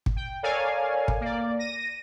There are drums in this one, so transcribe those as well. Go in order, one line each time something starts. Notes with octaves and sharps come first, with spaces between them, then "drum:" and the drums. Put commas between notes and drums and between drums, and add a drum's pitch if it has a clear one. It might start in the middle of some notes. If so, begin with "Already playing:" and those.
drum: kick
G5
A4 A#4 C#5 D5 F5 G#5
drum: kick
A#3 D5
A#6 D#7